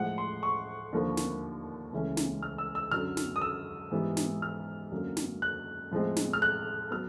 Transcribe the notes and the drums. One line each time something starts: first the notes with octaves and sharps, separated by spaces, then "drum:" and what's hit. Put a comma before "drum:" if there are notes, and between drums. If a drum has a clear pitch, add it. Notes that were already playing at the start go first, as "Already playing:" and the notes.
Already playing: A2 F3 G#3 F#5
C6
C#6
D#2 D3 F3 A#3
drum: snare
C#2 C#3 E3 A3 C#4
drum: snare
F6
E6
E6
F#2 D3 F#3 F6
drum: snare
D#6
E6
G#2 E3 G3 B3
drum: snare
F6
F#2 D3 F#3 A#3
drum: snare
F#6
A2 F3 G#3 C4
drum: snare
F6
F#6
F#3 B3 F6